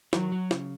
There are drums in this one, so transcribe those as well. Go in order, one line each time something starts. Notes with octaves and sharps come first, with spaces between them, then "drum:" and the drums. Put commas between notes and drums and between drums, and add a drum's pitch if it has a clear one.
D#3 F#3, drum: snare
F#3
C#3, drum: snare